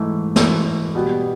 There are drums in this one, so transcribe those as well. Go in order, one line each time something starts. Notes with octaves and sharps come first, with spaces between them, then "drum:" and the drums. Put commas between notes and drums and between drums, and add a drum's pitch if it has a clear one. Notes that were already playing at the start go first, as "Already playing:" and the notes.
Already playing: G#2 E3 A3
G#2 E3 A3, drum: snare
B2 G3 B3